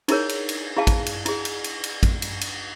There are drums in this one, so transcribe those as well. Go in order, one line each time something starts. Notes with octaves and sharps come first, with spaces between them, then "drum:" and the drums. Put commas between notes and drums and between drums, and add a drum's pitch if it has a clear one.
D#4 E4 G#4 A#4 C#5, drum: cymbal
drum: cymbal
drum: cymbal
E4 G#4 F5 A5
drum: kick A1, cymbal
drum: cymbal
E4 G#4, drum: cymbal
drum: cymbal
drum: cymbal
drum: cymbal
drum: kick A1, cymbal
drum: cymbal
drum: cymbal